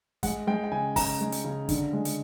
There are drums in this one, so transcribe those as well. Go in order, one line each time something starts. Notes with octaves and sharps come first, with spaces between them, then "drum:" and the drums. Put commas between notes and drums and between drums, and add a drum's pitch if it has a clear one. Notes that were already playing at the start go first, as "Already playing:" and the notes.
G#3 F#5, drum: kick, hi-hat
G#3 G5
G5
C#3 G#5
C#3 A#5, drum: kick, open hi-hat
G#3
drum: hi-hat
C#3
D3, drum: kick, hi-hat
G#3
drum: hi-hat